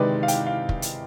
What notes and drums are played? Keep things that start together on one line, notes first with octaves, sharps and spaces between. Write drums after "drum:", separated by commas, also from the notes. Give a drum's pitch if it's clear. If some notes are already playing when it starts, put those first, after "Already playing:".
Already playing: C3 D#3 G#3 B4 D5
F5
G5, drum: hi-hat
F5
drum: kick
drum: hi-hat